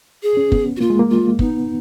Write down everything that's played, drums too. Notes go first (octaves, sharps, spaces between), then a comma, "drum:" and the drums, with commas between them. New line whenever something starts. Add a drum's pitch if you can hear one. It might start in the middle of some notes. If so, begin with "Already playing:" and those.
G#4
C#4
B3, drum: kick
F#4
A#3 F4
G#3
A#3
F4
B3 D#4, drum: kick